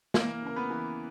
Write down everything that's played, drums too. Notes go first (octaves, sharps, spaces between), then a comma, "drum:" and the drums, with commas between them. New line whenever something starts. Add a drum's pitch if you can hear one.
E3 A#3 A#4, drum: snare
C#3 A#4
B3 B4
E3